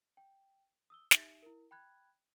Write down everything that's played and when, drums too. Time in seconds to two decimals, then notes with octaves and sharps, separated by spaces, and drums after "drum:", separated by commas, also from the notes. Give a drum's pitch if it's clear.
0.17 G5
0.90 D#6 E6 G7
1.11 D#4 G4 E5, drum: snare
1.42 E4 A#4
1.71 G5 B5 F#6 G#6